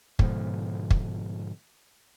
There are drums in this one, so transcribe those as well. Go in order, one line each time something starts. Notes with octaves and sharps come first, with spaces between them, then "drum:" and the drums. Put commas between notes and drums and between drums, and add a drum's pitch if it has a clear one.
G#2 B2 D3 F3, drum: kick
drum: kick